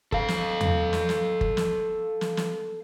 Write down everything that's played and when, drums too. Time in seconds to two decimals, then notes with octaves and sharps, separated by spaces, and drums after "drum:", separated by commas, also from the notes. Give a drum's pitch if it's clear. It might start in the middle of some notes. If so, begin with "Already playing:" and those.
0.12 A4 F5, drum: kick F#1
0.28 drum: snare
0.61 drum: tom E2
0.93 drum: snare
1.09 drum: snare
1.41 drum: kick F#1
1.57 drum: snare
2.21 drum: snare
2.37 drum: snare